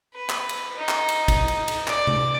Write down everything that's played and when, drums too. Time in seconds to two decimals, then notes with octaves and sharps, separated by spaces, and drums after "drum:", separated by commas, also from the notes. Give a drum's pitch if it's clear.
0.14 B4
0.29 drum: clap
0.49 drum: cymbal
0.76 D#4
0.89 drum: clap
1.09 drum: cymbal
1.28 drum: kick, cymbal
1.48 drum: cymbal
1.68 drum: cymbal
1.88 D5, drum: clap
2.07 drum: tom C3